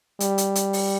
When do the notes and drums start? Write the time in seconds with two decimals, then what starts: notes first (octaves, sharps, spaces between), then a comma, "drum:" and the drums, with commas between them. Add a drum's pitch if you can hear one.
0.20 G3, drum: hi-hat
0.38 drum: hi-hat
0.55 drum: hi-hat
0.73 drum: open hi-hat